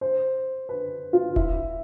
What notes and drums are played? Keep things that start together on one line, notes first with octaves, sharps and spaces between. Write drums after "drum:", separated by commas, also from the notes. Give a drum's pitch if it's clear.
C5
B4
F4
E4, drum: kick E1